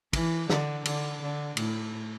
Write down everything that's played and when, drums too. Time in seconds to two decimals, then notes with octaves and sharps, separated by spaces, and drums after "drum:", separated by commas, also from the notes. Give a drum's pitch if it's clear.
0.13 E3, drum: kick, cymbal
0.50 D3, drum: snare
0.85 D3, drum: cymbal
1.21 D3
1.57 A2, drum: cymbal